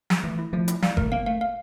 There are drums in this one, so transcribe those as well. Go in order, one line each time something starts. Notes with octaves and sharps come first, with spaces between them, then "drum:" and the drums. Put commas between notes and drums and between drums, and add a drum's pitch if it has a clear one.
drum: snare
E3 A3
E4
F3 A3
E4, drum: hi-hat
G3 F5, drum: snare
A3 A#4, drum: kick G1
A#3 F5
A3 F5
F5